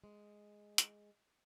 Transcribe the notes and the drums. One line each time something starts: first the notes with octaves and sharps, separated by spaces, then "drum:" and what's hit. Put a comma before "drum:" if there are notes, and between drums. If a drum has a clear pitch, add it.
G#3
drum: hi-hat